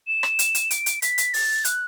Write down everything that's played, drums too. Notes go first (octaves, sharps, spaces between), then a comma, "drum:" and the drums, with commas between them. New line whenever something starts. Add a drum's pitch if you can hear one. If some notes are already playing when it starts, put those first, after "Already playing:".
E7
drum: rim click
drum: hi-hat
drum: hi-hat
D7, drum: hi-hat
drum: hi-hat
B6, drum: hi-hat
drum: hi-hat
A6, drum: open hi-hat
F#6, drum: hi-hat